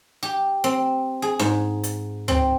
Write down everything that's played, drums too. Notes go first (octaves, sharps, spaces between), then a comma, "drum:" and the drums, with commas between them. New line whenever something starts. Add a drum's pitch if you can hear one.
G4
C4
G#4
G#2, drum: snare
drum: hi-hat
C4, drum: tom